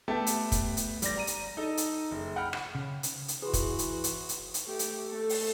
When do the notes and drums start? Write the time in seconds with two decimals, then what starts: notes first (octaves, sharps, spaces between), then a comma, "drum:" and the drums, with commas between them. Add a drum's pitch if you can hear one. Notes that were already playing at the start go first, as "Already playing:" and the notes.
0.08 A3 B3 G4 G5 A5
0.27 drum: hi-hat
0.52 drum: kick, hi-hat
0.77 drum: hi-hat
1.02 G3 D5 A#6, drum: hi-hat
1.17 A#5 D#7
1.27 drum: hi-hat
1.57 D#4 A4
1.77 drum: hi-hat
2.11 F#1
2.36 F#5 G5 B5 F6
2.53 drum: rim click
2.75 C#3
3.03 drum: hi-hat
3.28 drum: hi-hat
3.42 E3 F#4 G#4 B4 C6
3.53 drum: kick, hi-hat
3.79 drum: hi-hat
4.04 drum: hi-hat
4.29 drum: hi-hat
4.54 drum: hi-hat
4.66 A3 G4
4.79 drum: hi-hat
5.09 A3 A4
5.29 drum: open hi-hat